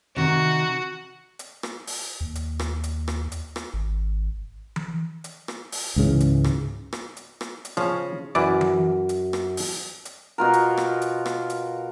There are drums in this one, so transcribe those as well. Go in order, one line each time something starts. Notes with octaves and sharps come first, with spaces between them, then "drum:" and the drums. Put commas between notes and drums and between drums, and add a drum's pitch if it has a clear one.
C3 D#3 F#4
drum: hi-hat
drum: rim click
drum: open hi-hat
D#2
drum: hi-hat
drum: rim click
drum: hi-hat
drum: rim click
drum: hi-hat
drum: rim click
G#1
drum: tom E3
drum: hi-hat
drum: rim click
drum: open hi-hat
C#2 G#2 C#3 E3
drum: hi-hat
drum: rim click
drum: rim click
drum: hi-hat
drum: rim click
drum: hi-hat
C#3 F3 C#4
F#2 E3 D5
drum: tom E3
drum: hi-hat
drum: rim click
drum: open hi-hat
drum: hi-hat
B2 F4 A#4
drum: hi-hat
drum: rim click
drum: hi-hat
drum: rim click
drum: hi-hat